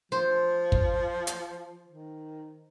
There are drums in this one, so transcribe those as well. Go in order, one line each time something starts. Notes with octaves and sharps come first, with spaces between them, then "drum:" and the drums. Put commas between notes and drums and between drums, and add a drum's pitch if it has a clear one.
F3 C5
drum: kick
drum: hi-hat
D#3